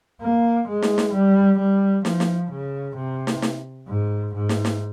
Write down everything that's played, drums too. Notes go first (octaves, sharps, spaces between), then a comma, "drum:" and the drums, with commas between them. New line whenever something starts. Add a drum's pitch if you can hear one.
A#3
G#3
drum: snare
drum: snare
G3
G3
F3, drum: snare
drum: snare
C#3
C3
drum: snare
drum: snare
G#2
G#2
drum: snare
drum: snare